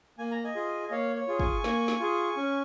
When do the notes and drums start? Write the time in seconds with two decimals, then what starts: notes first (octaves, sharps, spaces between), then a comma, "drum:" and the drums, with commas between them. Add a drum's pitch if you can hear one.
0.18 A#3 G#5
0.31 A#5
0.44 D#5 G#5
0.55 F4 G#4
0.88 D#5
0.91 A#3 C#5 F5
1.16 C#5
1.28 F4 G#4
1.39 G#5 C#6, drum: kick
1.64 A#3, drum: snare
1.88 drum: snare
2.00 F4 G#4
2.37 C#4